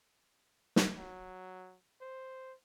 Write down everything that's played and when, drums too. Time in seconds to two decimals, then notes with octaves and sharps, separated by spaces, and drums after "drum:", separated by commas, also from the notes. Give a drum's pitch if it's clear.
0.76 drum: snare
0.97 F#3
2.01 C5